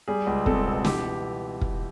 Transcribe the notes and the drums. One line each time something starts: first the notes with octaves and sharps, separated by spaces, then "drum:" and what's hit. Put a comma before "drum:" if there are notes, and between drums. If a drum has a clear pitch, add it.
G3 G#4
C#2
C4 A4, drum: kick
B2
E3 G4, drum: snare
drum: kick